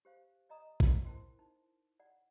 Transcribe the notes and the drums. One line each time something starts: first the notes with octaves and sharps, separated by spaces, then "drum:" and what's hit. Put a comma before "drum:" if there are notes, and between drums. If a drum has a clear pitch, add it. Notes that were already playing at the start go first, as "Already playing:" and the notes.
G4 C5 F5
D5 D#5 A#5 D#6
drum: kick
E4 A#4 C5 G5 C6
D#4
D5 F#5